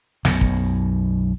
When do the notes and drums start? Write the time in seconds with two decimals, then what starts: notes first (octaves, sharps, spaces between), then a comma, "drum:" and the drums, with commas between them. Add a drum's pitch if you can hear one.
0.25 B1 F#2 B2, drum: snare
0.41 drum: kick